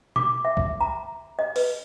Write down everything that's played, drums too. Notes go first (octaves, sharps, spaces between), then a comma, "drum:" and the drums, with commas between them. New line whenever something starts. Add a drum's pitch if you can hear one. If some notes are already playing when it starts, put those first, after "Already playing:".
D6, drum: tom B2
E5
drum: kick C2
A#5
D#5
B4, drum: open hi-hat